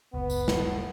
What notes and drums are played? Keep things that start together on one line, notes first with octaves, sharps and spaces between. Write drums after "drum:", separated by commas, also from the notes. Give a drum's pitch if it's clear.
F#1 C#2 B3
drum: tambourine
drum: snare